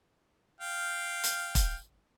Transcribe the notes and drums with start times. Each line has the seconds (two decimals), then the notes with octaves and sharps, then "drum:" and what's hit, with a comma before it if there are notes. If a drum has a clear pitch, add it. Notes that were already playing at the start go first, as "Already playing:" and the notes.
0.61 F5 G5
1.24 drum: hi-hat
1.55 drum: kick, hi-hat